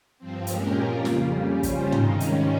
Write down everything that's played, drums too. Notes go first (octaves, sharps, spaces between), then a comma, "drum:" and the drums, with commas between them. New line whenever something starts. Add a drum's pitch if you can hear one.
G2 F3 C4
A#2 G#3 C#4 G4 A#4, drum: hi-hat
F3 A#3 F4 A#4
F2 C#3 G3 A#3, drum: snare
C#3 G3 C#4 G4
G3 C#4 F4 C5, drum: kick, hi-hat
C3 D#3 G#3 D#4, drum: tom
G#2 D#3 G3 C#4, drum: hi-hat